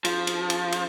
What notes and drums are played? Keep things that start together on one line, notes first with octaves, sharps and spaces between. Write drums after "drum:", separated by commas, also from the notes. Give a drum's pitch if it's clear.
F3, drum: cymbal
drum: cymbal
drum: cymbal
drum: cymbal